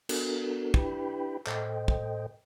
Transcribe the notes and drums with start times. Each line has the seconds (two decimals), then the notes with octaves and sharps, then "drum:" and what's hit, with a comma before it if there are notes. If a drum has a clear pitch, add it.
0.09 B3 D4 F#4 A4 A#4, drum: cymbal
0.74 D4 E4 G4 B4 G5 B5, drum: kick
1.47 A2 A4 C5 D#5 G5, drum: clap
1.88 drum: kick